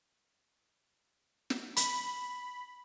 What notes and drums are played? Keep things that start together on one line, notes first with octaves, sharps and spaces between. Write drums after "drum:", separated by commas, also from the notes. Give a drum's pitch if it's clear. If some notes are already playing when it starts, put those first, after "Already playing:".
drum: snare
B5, drum: hi-hat